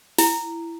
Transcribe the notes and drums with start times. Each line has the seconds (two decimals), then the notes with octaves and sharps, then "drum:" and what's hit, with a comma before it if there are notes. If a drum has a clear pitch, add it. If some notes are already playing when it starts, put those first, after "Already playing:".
0.18 E4, drum: open hi-hat